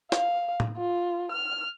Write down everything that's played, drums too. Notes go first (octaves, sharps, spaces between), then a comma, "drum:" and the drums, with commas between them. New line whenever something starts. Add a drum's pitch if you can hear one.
F5, drum: snare
drum: tom A2
F4
F6